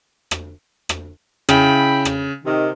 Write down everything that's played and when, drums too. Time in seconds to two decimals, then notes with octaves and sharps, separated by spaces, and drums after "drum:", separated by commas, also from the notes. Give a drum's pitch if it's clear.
0.31 drum: rim click
0.89 drum: rim click
1.49 C#3 E4 G5 B5, drum: rim click
2.05 drum: rim click
2.44 C3 D#3